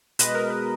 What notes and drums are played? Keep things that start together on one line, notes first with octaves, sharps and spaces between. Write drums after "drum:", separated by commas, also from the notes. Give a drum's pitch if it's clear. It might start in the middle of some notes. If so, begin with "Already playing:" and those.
B2 G#3 B4 D#5, drum: hi-hat
A#4
B4